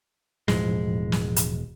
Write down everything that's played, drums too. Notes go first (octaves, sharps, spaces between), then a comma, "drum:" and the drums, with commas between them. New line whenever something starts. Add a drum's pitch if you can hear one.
E1 A2 F3 G#3, drum: snare
drum: snare
drum: hi-hat